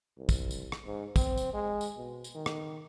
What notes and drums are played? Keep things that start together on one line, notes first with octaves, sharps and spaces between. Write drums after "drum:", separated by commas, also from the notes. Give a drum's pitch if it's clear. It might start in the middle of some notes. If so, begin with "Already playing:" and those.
C2
drum: kick, tambourine
drum: tambourine
drum: rim click
G#2
C4, drum: kick, tambourine
drum: tambourine
G#3
drum: tambourine
B2
drum: tambourine
D#3
drum: rim click